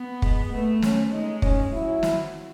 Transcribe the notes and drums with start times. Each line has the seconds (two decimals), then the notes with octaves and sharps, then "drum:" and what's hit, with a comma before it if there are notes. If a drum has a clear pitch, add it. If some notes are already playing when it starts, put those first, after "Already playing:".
Already playing: B3
0.22 G#3, drum: kick
0.51 A3 B3
0.82 C#4, drum: snare
1.12 G#3 D#4
1.42 C#4, drum: kick
1.72 F#3 E4
2.03 drum: snare